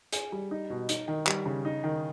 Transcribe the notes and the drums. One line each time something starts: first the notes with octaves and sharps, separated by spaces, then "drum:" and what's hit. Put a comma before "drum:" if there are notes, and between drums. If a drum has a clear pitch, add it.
G#4, drum: hi-hat
G3
D#4
B2
D#4, drum: hi-hat
D#3
G3, drum: clap
C#3
D#4
D#3